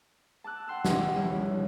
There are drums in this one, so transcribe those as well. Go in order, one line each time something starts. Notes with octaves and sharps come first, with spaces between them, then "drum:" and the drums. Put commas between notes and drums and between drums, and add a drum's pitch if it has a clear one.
A5 D6 E6 F#6
F#5 G5 C6 E6
drum: snare
E3 F3 G3 C#4 E4